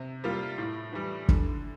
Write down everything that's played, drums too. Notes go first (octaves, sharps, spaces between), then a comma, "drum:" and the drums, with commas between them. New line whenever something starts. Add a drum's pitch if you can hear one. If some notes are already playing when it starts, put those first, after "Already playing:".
Already playing: C3
G3 A#3 F4
A2
E3 G3
D3, drum: kick